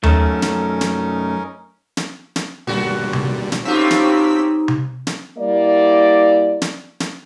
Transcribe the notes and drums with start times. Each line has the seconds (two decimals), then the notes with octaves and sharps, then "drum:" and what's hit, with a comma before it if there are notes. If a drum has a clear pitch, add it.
0.03 F#2 A3 C#4 D#4 A#4, drum: tom D#2
0.42 drum: snare
0.81 drum: snare
1.97 drum: snare
2.36 drum: snare
2.67 A#2 D3 G3 F#4
3.13 drum: tom C3
3.52 drum: snare
3.65 A2 C4 C#4 D#4 F4 G4 E6 B6
3.91 drum: snare
4.68 drum: tom C3
5.07 drum: snare
5.38 G3 A#3 E4 D5
6.62 drum: snare
7.00 drum: snare